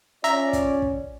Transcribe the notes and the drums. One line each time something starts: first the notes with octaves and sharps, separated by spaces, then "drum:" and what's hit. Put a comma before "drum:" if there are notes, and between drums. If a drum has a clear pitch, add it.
C#4 F4 D5 E5 A#5, drum: hi-hat
drum: kick, hi-hat
drum: kick